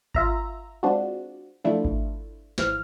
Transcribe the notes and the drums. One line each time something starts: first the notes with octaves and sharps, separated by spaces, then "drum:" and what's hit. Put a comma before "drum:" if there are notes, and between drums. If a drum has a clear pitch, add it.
F4 E5 A#5, drum: kick G#1
G#3 C4 D4 F4 F#4
F3 A3 D4 E4 F4
drum: kick G#1
G#1 E3 F3 F6, drum: snare